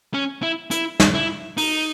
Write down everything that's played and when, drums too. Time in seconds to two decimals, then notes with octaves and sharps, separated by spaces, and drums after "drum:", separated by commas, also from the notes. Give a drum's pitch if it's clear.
0.14 C#4
0.42 E4
0.71 E4, drum: hi-hat
1.00 drum: snare
1.14 E4
1.57 D#4, drum: open hi-hat